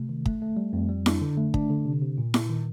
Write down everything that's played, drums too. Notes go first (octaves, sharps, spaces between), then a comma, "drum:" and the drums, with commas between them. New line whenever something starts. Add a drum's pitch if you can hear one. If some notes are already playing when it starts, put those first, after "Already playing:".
Already playing: C3 A3
D#3
A3, drum: kick
A3
G3
F2
G3
D4, drum: snare E4
D3
A3
D4, drum: kick
D3
C3
C3
A#2
A#2, drum: snare E4
D#3